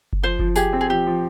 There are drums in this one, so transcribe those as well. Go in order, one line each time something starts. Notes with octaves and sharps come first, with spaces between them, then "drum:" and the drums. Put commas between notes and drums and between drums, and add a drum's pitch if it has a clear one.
drum: kick F#1
F3 C5
F3, drum: kick F#1
G4 G#4, drum: tambourine
C4
G#4
F3 G4
F3